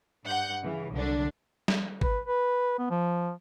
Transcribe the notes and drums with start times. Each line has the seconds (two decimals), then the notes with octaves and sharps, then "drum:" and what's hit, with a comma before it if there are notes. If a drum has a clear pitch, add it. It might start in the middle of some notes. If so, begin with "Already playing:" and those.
0.24 G2 F#5 G6
0.62 C#3 E3
0.92 C2 D3 F#3 D4
1.68 drum: snare
2.01 B4, drum: kick G#1
2.25 B4
2.78 B3
2.90 F3